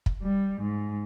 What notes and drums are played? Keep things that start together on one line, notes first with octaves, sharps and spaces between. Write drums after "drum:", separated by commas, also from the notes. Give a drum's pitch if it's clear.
drum: kick
G3
G#2